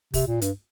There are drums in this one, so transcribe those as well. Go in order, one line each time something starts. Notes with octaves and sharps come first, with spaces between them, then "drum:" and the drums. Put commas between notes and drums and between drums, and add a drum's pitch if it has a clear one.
C3, drum: kick, open hi-hat
A#2
G2, drum: hi-hat